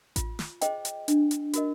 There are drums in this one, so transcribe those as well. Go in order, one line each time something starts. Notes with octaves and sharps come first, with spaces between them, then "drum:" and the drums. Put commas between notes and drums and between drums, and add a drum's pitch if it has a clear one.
F4, drum: kick A1, hi-hat
drum: snare
G#4 C5 D#5 G5, drum: hi-hat
drum: hi-hat
D4, drum: hi-hat
drum: hi-hat
F#4 A#4 D#5, drum: hi-hat